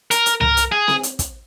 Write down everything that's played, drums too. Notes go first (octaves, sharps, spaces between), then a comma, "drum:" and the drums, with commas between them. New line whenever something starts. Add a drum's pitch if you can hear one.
A#4, drum: hi-hat
drum: hi-hat
A#4, drum: tom C2
drum: hi-hat
G#4
drum: snare C4
drum: hi-hat
drum: kick, hi-hat